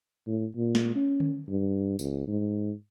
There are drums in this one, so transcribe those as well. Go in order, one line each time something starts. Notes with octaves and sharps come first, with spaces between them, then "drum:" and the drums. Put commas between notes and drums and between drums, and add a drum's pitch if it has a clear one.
A2
A#2
drum: snare
C#4
drum: tom D3
G2
C#2, drum: tambourine
G#2